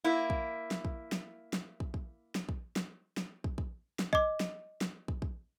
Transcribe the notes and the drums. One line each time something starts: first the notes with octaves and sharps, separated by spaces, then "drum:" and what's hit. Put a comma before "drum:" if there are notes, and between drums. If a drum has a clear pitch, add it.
A#3 E4
drum: kick
drum: snare
drum: kick
drum: snare
drum: snare
drum: kick
drum: kick
drum: snare
drum: kick
drum: snare
drum: snare
drum: kick
drum: kick
drum: snare
D#5 D6, drum: kick
drum: snare
drum: snare
drum: kick
drum: kick